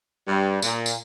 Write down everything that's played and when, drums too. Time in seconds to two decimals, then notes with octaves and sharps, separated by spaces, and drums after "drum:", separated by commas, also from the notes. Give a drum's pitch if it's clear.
0.27 G2 G3
0.62 A#2, drum: tambourine
0.86 drum: tambourine